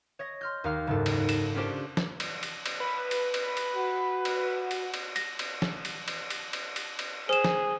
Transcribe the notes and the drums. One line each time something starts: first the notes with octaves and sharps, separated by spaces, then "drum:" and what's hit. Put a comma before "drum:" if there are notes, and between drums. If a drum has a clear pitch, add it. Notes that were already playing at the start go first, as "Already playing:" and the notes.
C#5 D#5 A#6
C6 F6 G6
D#2 D#4 F5 F6 C7
F#1 G#2 A4
drum: cymbal
E7, drum: cymbal
C#4 D4 F4 G4 C5 D5
drum: snare
drum: cymbal
drum: cymbal
drum: cymbal
B4
drum: cymbal
drum: cymbal
drum: cymbal
F#4
drum: cymbal
drum: cymbal
drum: cymbal
A#6, drum: cymbal
drum: cymbal
drum: snare
drum: cymbal
drum: cymbal
drum: cymbal
drum: cymbal
drum: cymbal
drum: cymbal
G#4 C5 E7
drum: snare